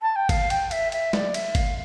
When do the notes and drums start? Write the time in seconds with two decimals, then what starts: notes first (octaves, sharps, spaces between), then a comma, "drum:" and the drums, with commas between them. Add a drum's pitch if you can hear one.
0.02 A5
0.16 G5
0.29 F5, drum: kick, cymbal
0.50 G5, drum: cymbal
0.71 E5, drum: cymbal
0.92 E5, drum: cymbal
1.13 D5, drum: snare
1.34 E5, drum: cymbal
1.55 F5, drum: kick, cymbal